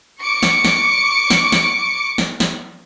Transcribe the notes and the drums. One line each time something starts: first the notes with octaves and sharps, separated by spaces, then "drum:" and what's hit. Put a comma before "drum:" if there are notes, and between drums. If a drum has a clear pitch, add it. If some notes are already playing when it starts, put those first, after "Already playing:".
C#6 D6 C#7
drum: snare
drum: snare
drum: snare
drum: snare
drum: snare
drum: snare